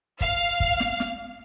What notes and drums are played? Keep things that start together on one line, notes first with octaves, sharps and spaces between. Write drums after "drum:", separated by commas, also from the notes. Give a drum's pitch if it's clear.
F5, drum: kick
drum: kick
drum: snare
drum: snare